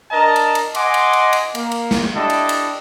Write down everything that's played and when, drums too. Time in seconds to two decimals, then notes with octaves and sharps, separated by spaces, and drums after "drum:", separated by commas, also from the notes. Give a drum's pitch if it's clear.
0.11 D4 A#4 D#5 A5 A#5
0.36 drum: cymbal
0.55 drum: cymbal
0.75 D#5 F#5 G#5 C6 D6, drum: cymbal
0.94 drum: cymbal
1.13 drum: cymbal
1.33 drum: cymbal
1.55 A#3, drum: cymbal
1.72 drum: cymbal
1.91 drum: snare
2.15 D4 E4 G4 A4 D#5
2.30 drum: cymbal
2.49 drum: cymbal